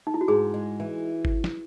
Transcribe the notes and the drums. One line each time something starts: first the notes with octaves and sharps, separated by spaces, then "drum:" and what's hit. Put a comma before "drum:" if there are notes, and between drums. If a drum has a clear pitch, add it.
D#4
E4
F#4
G#2 G#4
G#3
E3
drum: kick G#1
drum: snare